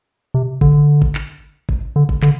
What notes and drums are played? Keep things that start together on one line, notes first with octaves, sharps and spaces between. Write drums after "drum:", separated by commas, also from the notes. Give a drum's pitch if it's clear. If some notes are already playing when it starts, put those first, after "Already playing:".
C3
D3, drum: kick G#1
drum: kick G#1
drum: clap
drum: kick G#1
D3
drum: kick G#1
D3, drum: clap